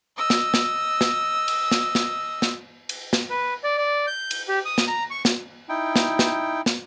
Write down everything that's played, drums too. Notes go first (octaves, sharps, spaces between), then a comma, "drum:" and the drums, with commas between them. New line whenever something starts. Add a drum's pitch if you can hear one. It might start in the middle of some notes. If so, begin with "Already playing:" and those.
D#5 E6
drum: snare
drum: snare
drum: snare
drum: cymbal
drum: snare
drum: snare
drum: snare
drum: cymbal
drum: snare
B4
D5
D5
G6
drum: cymbal
G4
D#6
drum: snare
A#5
C#6
drum: snare
D#4 E4 G5
drum: snare
drum: snare
drum: snare